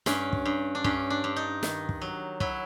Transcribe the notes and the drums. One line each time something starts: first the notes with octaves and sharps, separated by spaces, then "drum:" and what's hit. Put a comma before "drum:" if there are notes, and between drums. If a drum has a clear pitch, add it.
G2 C#4, drum: snare
drum: kick
G2
D4
G2 C#4, drum: kick
D4
G2
D#4
D#3, drum: snare
drum: kick
F#3
F#3 E4, drum: kick